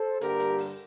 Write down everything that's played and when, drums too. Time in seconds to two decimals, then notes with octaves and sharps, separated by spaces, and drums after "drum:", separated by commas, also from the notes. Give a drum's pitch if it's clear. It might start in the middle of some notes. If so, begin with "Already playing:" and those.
Already playing: A4 C5
0.21 G2 D3 G3 A#3 G4 A#4, drum: hi-hat
0.40 drum: hi-hat
0.58 drum: open hi-hat